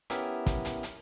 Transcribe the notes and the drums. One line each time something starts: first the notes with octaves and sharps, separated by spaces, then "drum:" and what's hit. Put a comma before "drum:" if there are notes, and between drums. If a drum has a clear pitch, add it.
B3 C#4 E4 G4 A#4 E5, drum: hi-hat
drum: kick, hi-hat
drum: hi-hat
drum: hi-hat